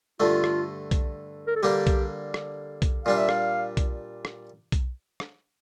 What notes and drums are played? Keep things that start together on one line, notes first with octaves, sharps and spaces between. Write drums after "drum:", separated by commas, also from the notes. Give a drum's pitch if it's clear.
G2 D3 A3 F4
drum: rim click
drum: kick B1, hi-hat
A#4
A4
D3 G3 A#3 D4 G4
drum: kick B1, hi-hat
drum: rim click
drum: kick B1, hi-hat
A#2 G3 D4 F5
E5
F5, drum: rim click
drum: kick B1, hi-hat
drum: rim click
drum: kick B1, hi-hat
drum: rim click